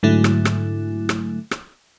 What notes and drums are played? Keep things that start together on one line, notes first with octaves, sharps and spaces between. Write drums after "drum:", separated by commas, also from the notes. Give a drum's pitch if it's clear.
G#2 D3 F#3 A3 E4
drum: rim click
drum: rim click
drum: rim click
drum: rim click